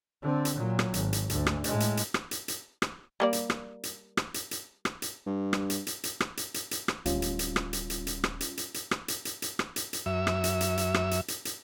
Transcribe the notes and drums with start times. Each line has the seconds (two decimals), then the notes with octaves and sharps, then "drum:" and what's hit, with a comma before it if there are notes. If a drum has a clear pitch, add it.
0.23 D3 C4
0.45 drum: hi-hat
0.55 A#2 F#3
0.79 drum: rim click
0.94 G#1, drum: hi-hat
1.13 drum: hi-hat
1.30 D2, drum: hi-hat
1.46 drum: rim click
1.64 A2 G#3, drum: hi-hat
1.80 drum: hi-hat
1.97 drum: hi-hat
2.14 drum: rim click
2.31 drum: hi-hat
2.48 drum: hi-hat
2.82 drum: rim click
3.20 G3 A#3 D5
3.33 drum: hi-hat
3.50 drum: rim click
3.83 drum: hi-hat
4.17 drum: rim click
4.34 drum: hi-hat
4.51 drum: hi-hat
4.85 drum: rim click
5.02 drum: hi-hat
5.26 G2
5.53 drum: rim click
5.70 drum: hi-hat
5.87 drum: hi-hat
6.04 drum: hi-hat
6.20 drum: rim click
6.37 drum: hi-hat
6.54 drum: hi-hat
6.71 drum: hi-hat
6.88 drum: rim click
7.06 D1 G3 C#4 F4, drum: hi-hat
7.22 drum: hi-hat
7.39 drum: hi-hat
7.56 drum: rim click
7.73 drum: hi-hat
7.90 drum: hi-hat
8.07 drum: hi-hat
8.24 drum: rim click
8.41 drum: hi-hat
8.57 drum: hi-hat
8.74 drum: hi-hat
8.91 drum: rim click
9.08 drum: hi-hat
9.25 drum: hi-hat
9.42 drum: hi-hat
9.59 drum: rim click
9.76 drum: hi-hat
9.93 drum: hi-hat
10.06 F#2 E5
10.27 drum: rim click
10.44 drum: hi-hat
10.61 drum: hi-hat
10.77 drum: hi-hat
10.94 drum: rim click
11.11 drum: hi-hat
11.28 drum: hi-hat
11.45 drum: hi-hat